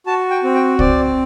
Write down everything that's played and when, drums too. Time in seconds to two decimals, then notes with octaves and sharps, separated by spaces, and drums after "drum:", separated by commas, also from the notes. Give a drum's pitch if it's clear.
0.06 F#4 A5
0.31 G5
0.44 C4
0.55 G5
0.79 C4 D5, drum: kick C2